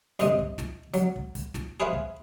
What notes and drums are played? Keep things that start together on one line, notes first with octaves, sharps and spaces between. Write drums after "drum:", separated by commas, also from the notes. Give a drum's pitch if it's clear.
D2 G2 C3 C5 D#5, drum: hi-hat
drum: kick
drum: snare
F#3, drum: hi-hat
drum: kick
drum: kick, hi-hat
drum: snare
G#4 B4 C5 E5 F5 C6
drum: kick